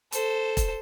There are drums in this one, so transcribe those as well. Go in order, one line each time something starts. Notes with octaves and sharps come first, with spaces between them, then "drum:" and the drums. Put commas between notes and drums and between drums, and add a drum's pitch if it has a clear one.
A4 C5, drum: hi-hat
drum: kick E1, hi-hat